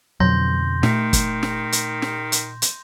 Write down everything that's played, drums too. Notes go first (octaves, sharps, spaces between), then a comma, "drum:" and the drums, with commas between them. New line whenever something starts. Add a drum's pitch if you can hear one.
F2 B2 D3 F#3 C6 G6 A#6
A#2 D#3 A3, drum: snare
drum: kick, hi-hat
drum: snare
drum: hi-hat
drum: snare
drum: hi-hat
drum: hi-hat